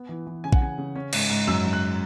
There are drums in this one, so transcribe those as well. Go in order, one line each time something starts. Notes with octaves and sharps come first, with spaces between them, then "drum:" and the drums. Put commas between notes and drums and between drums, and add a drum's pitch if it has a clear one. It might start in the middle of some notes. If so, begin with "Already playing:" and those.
Already playing: B3
E3
E3
C#3 G#5
F#5, drum: kick A#1
C#3 G#5
C#3
C#4
G#2, drum: cymbal
G#2
F#2 E6
F#3
F#6